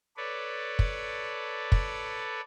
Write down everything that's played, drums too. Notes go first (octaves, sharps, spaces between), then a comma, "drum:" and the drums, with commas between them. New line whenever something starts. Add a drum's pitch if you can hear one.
A4 B4 C#5 D5
drum: kick
drum: kick